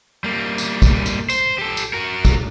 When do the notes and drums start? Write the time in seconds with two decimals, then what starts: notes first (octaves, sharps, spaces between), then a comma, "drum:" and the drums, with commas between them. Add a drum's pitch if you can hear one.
0.24 G3 A#3
0.58 drum: tambourine
0.82 drum: kick, tambourine
1.06 drum: tambourine
1.30 C5, drum: tambourine
1.58 G4 A4
1.77 drum: tambourine
1.94 F#4 A#4
2.25 drum: kick, tambourine